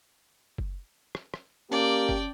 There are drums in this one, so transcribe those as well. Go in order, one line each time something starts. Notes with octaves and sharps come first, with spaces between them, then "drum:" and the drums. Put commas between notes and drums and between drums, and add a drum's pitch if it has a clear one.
drum: kick F#1
drum: rim click
drum: rim click
A#3 C#4 G4 D5 G5 A5
drum: kick F#1